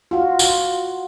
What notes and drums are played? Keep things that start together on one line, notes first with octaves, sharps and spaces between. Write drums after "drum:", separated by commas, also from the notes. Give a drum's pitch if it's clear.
F4 F#4
drum: tambourine